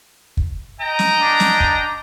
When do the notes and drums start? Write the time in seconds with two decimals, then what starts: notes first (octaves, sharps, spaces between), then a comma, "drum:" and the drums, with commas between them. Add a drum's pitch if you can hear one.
0.37 drum: kick
0.79 D#5 G5 A#5
0.99 drum: snare
1.19 D4
1.40 drum: snare
1.60 drum: kick